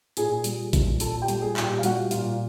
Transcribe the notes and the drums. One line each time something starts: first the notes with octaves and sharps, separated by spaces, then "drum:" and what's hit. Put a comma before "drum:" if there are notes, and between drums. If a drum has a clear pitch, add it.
A#2 G#4 G#5, drum: hi-hat
G3, drum: hi-hat
A#2, drum: kick A1, hi-hat
A#2 A4 A5, drum: hi-hat
G4 G5
G3, drum: hi-hat
G#4 G#5
A#2, drum: clap
G4 G5
F5
G3 F#4 F#5, drum: hi-hat
A#2 F4 F5, drum: hi-hat